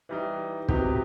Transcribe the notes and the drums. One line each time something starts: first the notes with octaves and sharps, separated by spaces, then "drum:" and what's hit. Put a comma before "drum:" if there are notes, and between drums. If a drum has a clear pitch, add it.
E3 G3 D#4
C3 F#3 B3 D#4 G4, drum: kick